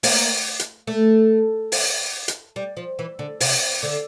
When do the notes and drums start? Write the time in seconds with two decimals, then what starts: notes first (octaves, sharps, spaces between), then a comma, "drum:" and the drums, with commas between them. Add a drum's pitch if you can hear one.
0.03 A#3, drum: open hi-hat
0.59 drum: hi-hat
0.87 A3
1.72 drum: open hi-hat
2.28 drum: hi-hat
2.56 G3
2.77 F3
2.99 E3
3.19 D3
3.40 C3, drum: open hi-hat
3.83 D3